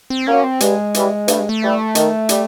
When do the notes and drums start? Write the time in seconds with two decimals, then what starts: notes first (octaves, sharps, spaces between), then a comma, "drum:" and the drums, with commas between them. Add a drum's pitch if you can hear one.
0.10 C4
0.27 F#3 A#3 C#4
0.44 C4
0.60 G2 G#3, drum: hi-hat
0.94 E3 G3, drum: hi-hat
1.28 G2 A3, drum: hi-hat
1.39 G#3
1.49 A3
1.62 E3 G3
1.95 D#3, drum: hi-hat
2.29 G3, drum: hi-hat